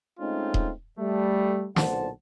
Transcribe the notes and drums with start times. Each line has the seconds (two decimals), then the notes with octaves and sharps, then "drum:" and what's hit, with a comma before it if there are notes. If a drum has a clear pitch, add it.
0.20 G#3 A3 C4 C#4 D#4 F4
0.54 drum: kick D#1
0.99 G3 A3
1.76 B1 A#2 D3 C5 F#5 A5, drum: snare